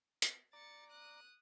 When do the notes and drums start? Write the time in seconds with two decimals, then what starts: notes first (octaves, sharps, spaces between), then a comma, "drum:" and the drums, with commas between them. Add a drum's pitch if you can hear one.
0.22 drum: hi-hat
0.53 D5 A#5 A6 C#7
0.90 D#6 F#6